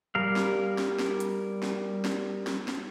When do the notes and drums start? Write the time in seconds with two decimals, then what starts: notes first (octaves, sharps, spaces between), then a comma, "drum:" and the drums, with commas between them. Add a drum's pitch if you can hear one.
0.15 G3 A#4 F5
0.36 drum: snare
0.78 drum: snare
0.99 drum: snare
1.20 drum: hi-hat
1.62 drum: snare
2.05 drum: snare
2.47 drum: snare
2.68 drum: snare